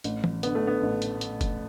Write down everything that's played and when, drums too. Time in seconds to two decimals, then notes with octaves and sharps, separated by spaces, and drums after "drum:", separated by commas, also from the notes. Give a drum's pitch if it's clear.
0.04 A1, drum: hi-hat
0.24 drum: tom E3
0.43 D3 B3, drum: hi-hat
0.55 A3
0.67 B3
0.83 A1
1.02 drum: hi-hat
1.21 drum: hi-hat
1.41 drum: kick, hi-hat